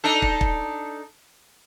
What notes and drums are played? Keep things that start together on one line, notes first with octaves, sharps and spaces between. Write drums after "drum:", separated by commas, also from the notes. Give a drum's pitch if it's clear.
D4 D#4 A4
drum: kick
drum: kick